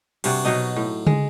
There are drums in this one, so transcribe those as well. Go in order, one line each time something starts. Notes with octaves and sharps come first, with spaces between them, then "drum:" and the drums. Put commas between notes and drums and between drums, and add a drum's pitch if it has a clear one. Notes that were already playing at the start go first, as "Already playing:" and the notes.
G2 C3 F#4, drum: cymbal
B2 F#3 D#4 D#5
A2
G#3, drum: tom C#3